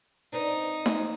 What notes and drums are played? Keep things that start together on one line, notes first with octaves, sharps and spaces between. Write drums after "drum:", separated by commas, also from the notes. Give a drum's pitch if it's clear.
C4 D4 D#4 B4
drum: snare D#4